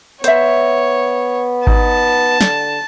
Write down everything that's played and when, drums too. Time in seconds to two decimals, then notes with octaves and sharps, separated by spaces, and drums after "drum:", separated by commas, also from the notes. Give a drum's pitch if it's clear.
0.24 B3 C5 C#5 E5, drum: hi-hat
1.67 D#4 A5, drum: kick G#1
2.41 D3, drum: snare